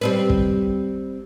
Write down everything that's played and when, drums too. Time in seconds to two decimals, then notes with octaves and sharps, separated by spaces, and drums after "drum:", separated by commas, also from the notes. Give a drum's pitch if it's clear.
0.01 G3 C4 B4
0.30 drum: kick